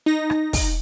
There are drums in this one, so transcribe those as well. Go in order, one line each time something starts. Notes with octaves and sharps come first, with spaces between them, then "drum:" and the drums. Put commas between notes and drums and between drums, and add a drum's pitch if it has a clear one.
D#4 A#6
drum: rim click
drum: kick, open hi-hat